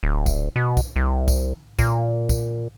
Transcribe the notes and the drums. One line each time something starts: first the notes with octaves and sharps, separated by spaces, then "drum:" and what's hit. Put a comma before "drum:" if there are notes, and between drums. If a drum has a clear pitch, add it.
D1
drum: kick, tambourine
B2
drum: kick, tambourine
C2
drum: kick, tambourine
A#2, drum: kick, tambourine
drum: kick, tambourine